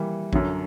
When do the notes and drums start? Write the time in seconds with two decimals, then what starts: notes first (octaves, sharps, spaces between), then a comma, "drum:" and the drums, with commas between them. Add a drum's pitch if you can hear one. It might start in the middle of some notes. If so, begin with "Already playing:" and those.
Already playing: E3 G3 A#3
0.33 F#2 D3 F#3, drum: kick A1